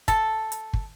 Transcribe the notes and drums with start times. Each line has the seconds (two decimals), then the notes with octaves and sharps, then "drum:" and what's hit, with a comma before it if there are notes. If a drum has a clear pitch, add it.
0.08 A4, drum: kick, hi-hat
0.52 drum: hi-hat
0.73 drum: kick